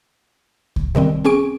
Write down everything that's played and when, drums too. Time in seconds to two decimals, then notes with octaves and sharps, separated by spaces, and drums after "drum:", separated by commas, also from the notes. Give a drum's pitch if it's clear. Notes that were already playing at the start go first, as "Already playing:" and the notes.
0.76 drum: kick C#2
0.95 C3 D#3 G3 C4
1.25 C4 C#4 G#4 C#6 D7